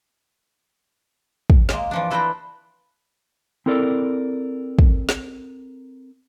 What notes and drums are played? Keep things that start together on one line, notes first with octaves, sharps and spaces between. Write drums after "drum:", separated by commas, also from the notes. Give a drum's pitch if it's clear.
drum: kick
G#3 A#3, drum: snare
E3 F3 D4
E4 A4 B4 C5 G5 A#5
C4 E4 A4 A#4 D5
drum: kick
drum: snare